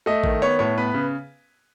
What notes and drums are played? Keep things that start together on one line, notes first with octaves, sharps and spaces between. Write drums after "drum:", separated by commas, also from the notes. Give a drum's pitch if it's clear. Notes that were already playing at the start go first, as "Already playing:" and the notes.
A3 D#5
D#3, drum: kick
B3 C#5
A2 C#5
B3 B4
C#3